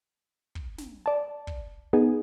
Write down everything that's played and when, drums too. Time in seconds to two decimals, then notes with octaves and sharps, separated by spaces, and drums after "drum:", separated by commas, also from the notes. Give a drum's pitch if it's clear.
0.55 drum: kick
0.78 drum: snare
1.06 D5 A5
1.47 drum: kick
1.93 B3 D#4 G#4